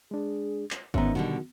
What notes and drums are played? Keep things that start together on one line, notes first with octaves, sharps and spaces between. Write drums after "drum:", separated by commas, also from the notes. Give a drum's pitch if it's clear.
G#3 D4 G#4
drum: clap
G#2 D#3 B3 C#4 E5 A#5, drum: kick G1
B2 D3 G3 F#4